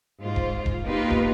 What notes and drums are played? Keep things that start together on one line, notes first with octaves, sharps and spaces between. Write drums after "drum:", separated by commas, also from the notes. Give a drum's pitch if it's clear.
G#2 F4 C5
drum: kick D#1
drum: kick D#1
A#3 B3 D#4 F4 G4 B4
drum: kick D#1